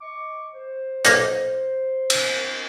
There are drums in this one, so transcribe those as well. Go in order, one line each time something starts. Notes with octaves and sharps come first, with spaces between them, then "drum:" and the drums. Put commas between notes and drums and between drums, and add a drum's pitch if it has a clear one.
D#5 C#6 D6
C5
B1 A#3 D#4, drum: hi-hat
drum: cymbal